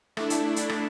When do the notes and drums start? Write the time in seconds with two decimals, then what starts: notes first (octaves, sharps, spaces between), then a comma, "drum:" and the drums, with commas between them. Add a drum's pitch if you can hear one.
0.17 A3 D4 E4, drum: rim click
0.30 drum: hi-hat
0.56 drum: hi-hat
0.69 drum: rim click